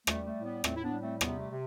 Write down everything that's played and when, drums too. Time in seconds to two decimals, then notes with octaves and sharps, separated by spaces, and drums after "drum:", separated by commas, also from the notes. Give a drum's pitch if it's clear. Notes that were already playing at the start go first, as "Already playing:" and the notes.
0.07 G3 A3, drum: rim click
0.26 A3
0.36 A2
0.45 B3
0.64 A2 A3 C4, drum: rim click
0.76 E4
0.83 B3 D4
0.92 G3
1.02 A3 C4
1.21 C3 B3, drum: rim click
1.39 A3
1.49 C3